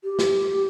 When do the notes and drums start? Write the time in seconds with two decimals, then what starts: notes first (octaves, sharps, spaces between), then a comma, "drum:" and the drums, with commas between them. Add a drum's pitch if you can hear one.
0.04 G4
0.19 drum: snare